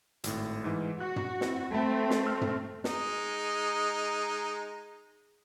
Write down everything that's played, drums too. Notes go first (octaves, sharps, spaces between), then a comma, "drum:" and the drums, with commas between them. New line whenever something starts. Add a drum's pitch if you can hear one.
G#1 A2, drum: hi-hat
G#2 E3
F#4 F#6
drum: tom
C4 E4, drum: snare
A3 C4 G5 A5 B5
drum: snare
A4 E6 F6
drum: tom
G#3 D#4, drum: snare